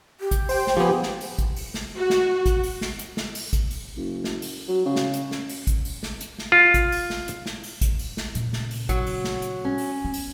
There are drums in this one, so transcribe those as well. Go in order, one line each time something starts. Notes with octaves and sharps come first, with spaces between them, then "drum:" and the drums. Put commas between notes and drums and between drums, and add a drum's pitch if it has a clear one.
G4
drum: kick, hi-hat
C5 G5, drum: open hi-hat
drum: snare
F3 B3 G4 G#4 C5
drum: snare
drum: open hi-hat
drum: kick, hi-hat
drum: open hi-hat
drum: snare
F#4
drum: snare
drum: kick, hi-hat
drum: open hi-hat
drum: snare
drum: hi-hat
drum: snare
drum: open hi-hat
drum: kick, hi-hat
drum: open hi-hat
F#1
drum: snare
drum: open hi-hat
F#3
C#3
drum: snare
drum: hi-hat
drum: snare
drum: open hi-hat
drum: kick, hi-hat
drum: open hi-hat
drum: snare
drum: hi-hat
drum: snare
F4
drum: kick, hi-hat
drum: open hi-hat
drum: snare
drum: hi-hat
drum: snare
drum: open hi-hat
drum: kick, hi-hat
drum: open hi-hat
drum: snare
A#2 C#3, drum: hi-hat
drum: snare
drum: open hi-hat
F#3, drum: kick, hi-hat
drum: open hi-hat
drum: snare
drum: hi-hat
C#4
drum: open hi-hat
B3
drum: open hi-hat